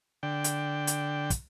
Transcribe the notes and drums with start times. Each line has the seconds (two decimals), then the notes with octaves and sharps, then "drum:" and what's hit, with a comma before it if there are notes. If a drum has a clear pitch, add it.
0.23 D3 G5
0.44 drum: hi-hat
0.87 drum: hi-hat
1.30 drum: kick, hi-hat